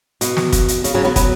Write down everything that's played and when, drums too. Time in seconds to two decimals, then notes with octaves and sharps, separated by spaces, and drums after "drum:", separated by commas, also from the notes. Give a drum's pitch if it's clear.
0.21 B2, drum: hi-hat
0.37 drum: snare
0.52 drum: kick, hi-hat
0.68 drum: hi-hat
0.84 C#3, drum: hi-hat
0.94 C#3 F#3
1.05 F#3 B3
1.16 F#3 B3, drum: kick, hi-hat